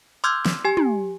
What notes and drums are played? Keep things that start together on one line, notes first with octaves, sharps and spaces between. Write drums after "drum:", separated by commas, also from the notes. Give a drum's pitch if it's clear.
C6 D6 E6 F6 G6 G#6
drum: snare
G4 G#5
drum: tom